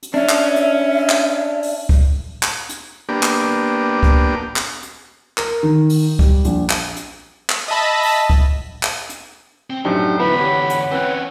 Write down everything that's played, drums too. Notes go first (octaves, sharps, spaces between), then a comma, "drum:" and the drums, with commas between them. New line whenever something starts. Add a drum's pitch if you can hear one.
drum: hi-hat
C#4 D4 E5
drum: clap
drum: hi-hat
drum: clap
drum: open hi-hat
drum: kick C#2
drum: clap
drum: hi-hat
A#3 B3 D4 G4
drum: clap
drum: kick C#2
drum: clap
drum: hi-hat
A#4, drum: clap
D#3
drum: open hi-hat
G3, drum: kick C#2
A#1, drum: hi-hat
drum: clap
drum: hi-hat
drum: clap
D#5 E5 A5 B5
drum: open hi-hat
drum: kick C#2
drum: clap
drum: hi-hat
C4
F#2 A2 D4 D#4 G4 C5
E2 D3 B3 E4 B4 B5
G4 C#5 F#5
drum: hi-hat
E3 C4 C#4 F#6